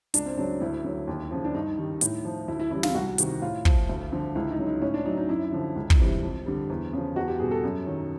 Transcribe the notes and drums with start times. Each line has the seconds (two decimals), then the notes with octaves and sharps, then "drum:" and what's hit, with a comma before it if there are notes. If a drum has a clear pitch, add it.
0.14 C#2 D4, drum: hi-hat
0.26 C4
0.37 C#3 F#3 D4
0.61 D2 E4
0.84 D3 F#3
1.07 D#2
1.31 C#3 F3
1.45 D4
1.54 G2 D#4
1.78 D#3 G3
2.01 A2, drum: hi-hat
2.25 F3
2.48 D2 E4
2.60 E4
2.71 C#3 E3 G3 E4
2.83 F4, drum: snare
2.95 C2 F#4
3.18 C3 D#3 G4, drum: hi-hat
3.42 A2 F4
3.65 F3, drum: kick
3.89 D2
4.12 D3 F3
4.35 C#2 E4
4.51 D#4
4.59 C#3 F#3
4.67 D#4
4.82 A2 C#4
4.94 D4
5.06 F#3 D#4
5.17 D#4
5.29 F#2 E4
5.52 D3 F3
5.76 C#2
5.90 drum: kick
5.99 C3 E3 G3
6.23 F2
6.46 D3 G3
6.70 E2
6.93 C#3 F3
7.16 E2 F#4
7.28 G4
7.40 B2 G3 G#4
7.51 A4
7.63 F#2
7.86 D#3 F#3